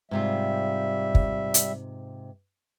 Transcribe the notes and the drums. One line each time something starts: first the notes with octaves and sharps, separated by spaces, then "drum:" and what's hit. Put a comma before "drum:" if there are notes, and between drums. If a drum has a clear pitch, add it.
G#2 C3 G3 F4 E5
drum: kick
drum: hi-hat